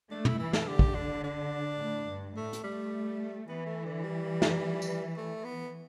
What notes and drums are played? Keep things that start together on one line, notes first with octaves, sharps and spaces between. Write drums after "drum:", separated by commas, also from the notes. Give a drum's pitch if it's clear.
A3 D4
E4, drum: tom
E3 E4
A4, drum: snare
D3 G4
drum: kick
D4
D4
A2
G2
A2 A3
drum: hi-hat
G3 A3
E3 B3
A3
D3
G3
drum: snare
drum: tambourine
A3
B3